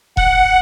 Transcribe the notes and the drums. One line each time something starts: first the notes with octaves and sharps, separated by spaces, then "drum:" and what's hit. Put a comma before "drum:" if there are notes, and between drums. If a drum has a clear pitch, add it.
F#5, drum: kick E1